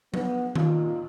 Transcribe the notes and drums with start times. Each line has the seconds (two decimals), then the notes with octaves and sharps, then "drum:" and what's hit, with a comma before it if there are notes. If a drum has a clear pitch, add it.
0.14 B3, drum: tom F#3
0.55 A#2 D#4 F4, drum: tom D#3